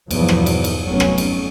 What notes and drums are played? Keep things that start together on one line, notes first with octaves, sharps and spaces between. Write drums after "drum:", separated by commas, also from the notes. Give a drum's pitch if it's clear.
E2 G2 B2 F3 F#3 B3, drum: cymbal
drum: rim click
drum: cymbal
drum: cymbal
F1 F#3 B3 C#4
drum: rim click
drum: cymbal